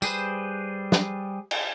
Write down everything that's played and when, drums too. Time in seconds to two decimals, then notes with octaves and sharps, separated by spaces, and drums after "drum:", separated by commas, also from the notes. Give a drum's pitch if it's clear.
0.02 G3 G#4 B4 C5, drum: tambourine
0.92 drum: snare
1.51 drum: cymbal